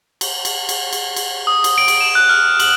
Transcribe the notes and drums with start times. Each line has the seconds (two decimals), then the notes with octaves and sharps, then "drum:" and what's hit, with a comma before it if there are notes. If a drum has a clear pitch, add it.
0.21 drum: cymbal
0.45 drum: cymbal
0.69 drum: cymbal
0.93 drum: cymbal
1.16 drum: cymbal
1.47 D#6
1.64 drum: cymbal
1.78 D7
1.88 drum: cymbal
2.01 E7
2.15 F#6
2.29 F6
2.60 F#7, drum: cymbal